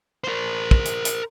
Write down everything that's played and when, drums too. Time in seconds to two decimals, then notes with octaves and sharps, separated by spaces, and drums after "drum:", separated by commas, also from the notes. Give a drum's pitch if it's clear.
0.24 A#4 C5
0.71 drum: kick
0.85 drum: hi-hat
1.05 drum: hi-hat